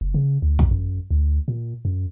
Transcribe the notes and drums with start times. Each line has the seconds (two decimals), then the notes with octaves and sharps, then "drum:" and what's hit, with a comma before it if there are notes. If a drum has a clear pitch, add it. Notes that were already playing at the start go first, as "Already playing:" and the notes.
0.01 F#1
0.14 C#3
0.42 D2
0.59 D2, drum: kick
0.71 F#2
1.11 D2
1.48 A#2
1.85 F#2